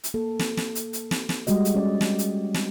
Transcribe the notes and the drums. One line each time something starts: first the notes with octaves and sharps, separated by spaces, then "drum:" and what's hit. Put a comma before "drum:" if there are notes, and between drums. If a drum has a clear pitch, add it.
drum: hi-hat
A#3 A4
drum: snare
drum: snare
drum: hi-hat
drum: hi-hat
drum: snare
drum: snare
G3 G#3 F#4 D#5, drum: hi-hat
drum: hi-hat
C#4 D5
drum: snare
drum: hi-hat
drum: snare